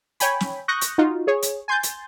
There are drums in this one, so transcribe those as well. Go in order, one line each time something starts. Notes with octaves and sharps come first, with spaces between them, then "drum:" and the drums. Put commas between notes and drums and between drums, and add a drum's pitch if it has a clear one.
C#5 G5 G#5 B5, drum: hi-hat
drum: snare
C#6 D#6 F#6 G6 A#6
drum: hi-hat
D#4 F4 F#4
G#4 C#5
drum: hi-hat
G#5 C6 G6 A6
drum: hi-hat